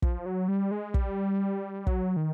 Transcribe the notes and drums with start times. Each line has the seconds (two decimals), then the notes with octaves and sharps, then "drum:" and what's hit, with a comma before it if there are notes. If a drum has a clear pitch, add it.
0.02 F3, drum: kick
0.26 F#3
0.48 G3
0.71 G#3
0.94 G3, drum: kick
1.87 F#3, drum: kick
2.17 D#3